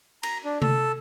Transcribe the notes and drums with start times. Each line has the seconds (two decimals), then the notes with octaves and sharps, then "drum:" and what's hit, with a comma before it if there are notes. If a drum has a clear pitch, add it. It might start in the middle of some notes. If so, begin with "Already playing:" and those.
0.23 A#5, drum: cymbal
0.45 D4
0.62 A4, drum: tom C3